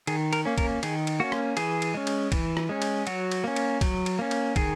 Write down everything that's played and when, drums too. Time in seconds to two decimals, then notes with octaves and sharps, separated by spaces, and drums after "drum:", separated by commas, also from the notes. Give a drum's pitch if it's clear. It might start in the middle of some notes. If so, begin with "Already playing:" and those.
0.07 D#3 G#4, drum: cymbal
0.33 A#4, drum: cymbal
0.45 A#3 C#4
0.58 A#4, drum: kick, cymbal
0.83 D#3 G#4, drum: cymbal
1.07 drum: cymbal
1.20 A#3 C#4 F#4
1.32 drum: rim click
1.57 E3 G#4, drum: cymbal
1.82 drum: cymbal
1.94 G#3 C#4
2.07 drum: cymbal
2.32 E3, drum: kick, cymbal
2.57 drum: rim click
2.69 G#3 C#4
2.82 drum: cymbal
3.07 F#3 F#4, drum: cymbal
3.31 drum: cymbal
3.44 A#3 C#4
3.56 drum: cymbal
3.81 F#3, drum: kick, cymbal
4.06 drum: cymbal
4.19 A#3 C#4
4.31 drum: cymbal
4.56 D#3 G#4, drum: kick, cymbal